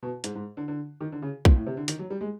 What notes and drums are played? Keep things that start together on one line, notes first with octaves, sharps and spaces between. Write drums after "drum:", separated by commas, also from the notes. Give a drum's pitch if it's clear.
B2
G#2, drum: hi-hat
G#2
D3
D3
D#3
D3
C#3
A#2, drum: kick
A2
C3
D3
D#3, drum: hi-hat
F#3
G3
G#3